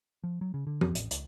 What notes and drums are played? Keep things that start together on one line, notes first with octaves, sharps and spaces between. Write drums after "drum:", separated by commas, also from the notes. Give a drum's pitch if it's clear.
F3
F#3
C#3
D3
F2, drum: tom F3
A1, drum: hi-hat
C#2, drum: hi-hat